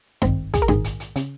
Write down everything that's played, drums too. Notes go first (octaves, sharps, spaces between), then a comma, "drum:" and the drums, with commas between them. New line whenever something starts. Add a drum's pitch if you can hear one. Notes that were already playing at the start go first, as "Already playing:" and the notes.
G#1 G2 D#3 C4, drum: snare
G#4, drum: kick, hi-hat
A#4
A#1 G#2 D#3 G#4, drum: snare
drum: hi-hat
drum: hi-hat
C#3, drum: hi-hat